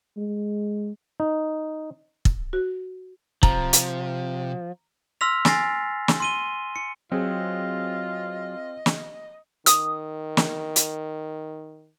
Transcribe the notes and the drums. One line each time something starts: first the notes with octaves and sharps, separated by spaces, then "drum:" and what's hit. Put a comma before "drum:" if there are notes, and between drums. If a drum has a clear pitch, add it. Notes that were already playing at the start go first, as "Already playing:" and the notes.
G#3
D#4
drum: kick
F#4
C3 F3 A#5, drum: kick
drum: hi-hat
C6 E6 F6 A#6 B6 F7
G#5 A6 A#6 C7, drum: snare
drum: snare
C6 D#7 G7
C#7
F#3 C4 F4 G#4 D#5
drum: snare
D#3 D#6, drum: hi-hat
drum: snare
drum: hi-hat